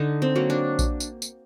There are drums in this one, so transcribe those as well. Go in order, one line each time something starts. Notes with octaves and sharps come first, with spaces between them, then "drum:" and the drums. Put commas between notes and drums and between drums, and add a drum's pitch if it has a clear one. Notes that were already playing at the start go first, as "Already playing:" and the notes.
Already playing: D3 D#4
C4
F#3 A#3
D4
drum: kick A#1, tambourine
drum: tambourine
drum: tambourine